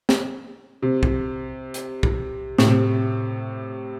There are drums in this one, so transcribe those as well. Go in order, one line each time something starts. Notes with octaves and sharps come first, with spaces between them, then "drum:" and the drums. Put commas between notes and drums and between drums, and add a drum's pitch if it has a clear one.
drum: snare
C3
drum: kick
drum: hi-hat
drum: kick
A2, drum: snare
C3